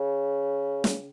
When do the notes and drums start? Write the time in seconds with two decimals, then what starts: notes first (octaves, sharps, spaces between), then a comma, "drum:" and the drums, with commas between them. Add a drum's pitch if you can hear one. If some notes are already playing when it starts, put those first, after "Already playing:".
Already playing: C#3
0.84 drum: snare